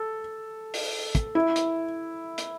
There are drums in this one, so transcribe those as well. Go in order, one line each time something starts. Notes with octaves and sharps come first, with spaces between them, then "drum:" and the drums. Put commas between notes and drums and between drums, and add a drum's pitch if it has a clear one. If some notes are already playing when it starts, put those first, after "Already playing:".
Already playing: A4
drum: open hi-hat
drum: kick, hi-hat
E4
drum: hi-hat
drum: hi-hat